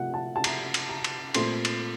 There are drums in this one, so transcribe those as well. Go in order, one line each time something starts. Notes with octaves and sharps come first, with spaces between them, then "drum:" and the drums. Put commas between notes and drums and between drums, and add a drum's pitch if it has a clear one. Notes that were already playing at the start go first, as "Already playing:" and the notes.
Already playing: C3 F3 A3 F#5
A5
A5
A#5, drum: cymbal
drum: cymbal
A#5
drum: cymbal
A#2 A3 C4 C6, drum: cymbal
drum: cymbal